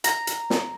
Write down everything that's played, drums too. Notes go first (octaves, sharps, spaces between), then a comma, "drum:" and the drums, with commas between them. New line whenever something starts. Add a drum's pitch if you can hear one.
A#5, drum: hi-hat
drum: hi-hat
drum: snare